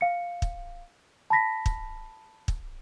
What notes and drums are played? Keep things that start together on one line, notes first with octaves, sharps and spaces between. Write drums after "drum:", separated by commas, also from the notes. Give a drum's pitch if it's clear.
F5 C#7
drum: kick
A5 B5 A#6 B6
drum: kick
drum: kick